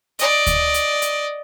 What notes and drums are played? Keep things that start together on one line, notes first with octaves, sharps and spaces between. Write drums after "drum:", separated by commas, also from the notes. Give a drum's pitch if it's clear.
D5 D#5, drum: hi-hat
drum: kick D2, hi-hat
drum: hi-hat
drum: hi-hat